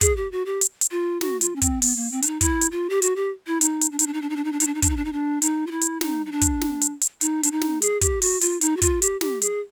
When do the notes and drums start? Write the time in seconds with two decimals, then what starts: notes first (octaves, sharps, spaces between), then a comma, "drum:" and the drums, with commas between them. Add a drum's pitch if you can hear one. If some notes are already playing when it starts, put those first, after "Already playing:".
0.01 G#4, drum: kick, hi-hat
0.17 G4
0.32 F#4
0.46 G4
0.61 drum: hi-hat
0.81 drum: hi-hat
0.91 F4
1.21 F#4, drum: snare
1.41 F4, drum: hi-hat
1.56 C#4
1.62 C4, drum: kick, hi-hat
1.82 B3, drum: open hi-hat
1.96 A#3
2.12 C4
2.22 D4, drum: hi-hat
2.27 D#4
2.41 E4, drum: kick, hi-hat
2.61 drum: hi-hat
2.71 F4
2.90 G4
3.02 F#4, drum: hi-hat
3.16 G4
3.47 E4
3.61 D#4, drum: hi-hat
3.81 drum: hi-hat
3.92 D4
3.99 D#4, drum: hi-hat
4.07 D4
4.13 D#4
4.22 D4
4.30 D#4
4.36 D4
4.44 D#4
4.52 D4
4.60 D#4, drum: hi-hat
4.66 D4
4.75 D#4
4.82 D4, drum: kick, hi-hat
4.89 D#4
4.97 D4
5.05 D#4
5.13 D4
5.42 D#4, drum: hi-hat
5.67 F4
5.71 E4
5.81 drum: hi-hat
6.01 D#4, drum: snare
6.26 D#4
6.32 D4
6.41 drum: kick, hi-hat
6.61 drum: snare
6.81 drum: hi-hat
7.01 drum: hi-hat
7.21 D#4, drum: hi-hat
7.43 D4, drum: hi-hat
7.52 D#4
7.61 drum: snare
7.82 G#4, drum: hi-hat
8.01 G4, drum: kick, hi-hat
8.22 F#4, drum: open hi-hat
8.41 F4, drum: hi-hat
8.61 D#4, drum: hi-hat
8.77 F#4
8.82 F4, drum: kick, hi-hat
9.02 G4, drum: hi-hat
9.21 G4, drum: snare
9.42 G#4, drum: hi-hat